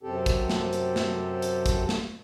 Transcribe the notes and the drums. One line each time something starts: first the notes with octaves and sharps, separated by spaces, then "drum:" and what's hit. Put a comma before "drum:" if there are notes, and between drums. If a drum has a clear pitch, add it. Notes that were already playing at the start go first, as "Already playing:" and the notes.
F#2 C3 C4 G4 A4
drum: kick, hi-hat
drum: snare
drum: hi-hat
drum: snare
drum: hi-hat
drum: kick, hi-hat
drum: snare